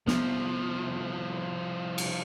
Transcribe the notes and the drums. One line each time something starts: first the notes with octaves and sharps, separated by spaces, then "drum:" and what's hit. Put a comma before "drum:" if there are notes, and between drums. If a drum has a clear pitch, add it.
C2 F3 B3, drum: snare
drum: cymbal